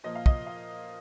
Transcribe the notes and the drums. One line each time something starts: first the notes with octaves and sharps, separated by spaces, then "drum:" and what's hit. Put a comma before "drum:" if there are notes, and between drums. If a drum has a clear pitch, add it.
A#2 F3 A#3 D#5
F5
D#5, drum: kick
F5